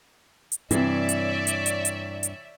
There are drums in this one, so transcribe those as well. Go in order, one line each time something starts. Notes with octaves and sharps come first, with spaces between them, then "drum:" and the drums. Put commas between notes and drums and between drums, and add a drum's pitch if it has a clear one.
drum: hi-hat
G2 C3 E3 C#5 D5 E5, drum: hi-hat
drum: hi-hat
drum: hi-hat
drum: hi-hat
drum: hi-hat
drum: hi-hat